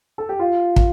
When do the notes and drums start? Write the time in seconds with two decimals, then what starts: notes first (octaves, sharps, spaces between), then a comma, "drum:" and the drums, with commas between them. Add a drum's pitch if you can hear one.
0.18 A4
0.29 G4
0.39 F4
0.76 drum: kick